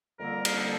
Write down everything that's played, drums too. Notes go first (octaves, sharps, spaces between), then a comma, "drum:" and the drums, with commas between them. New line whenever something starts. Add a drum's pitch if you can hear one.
F2 D3 G3 A#3 A#4
drum: cymbal
A4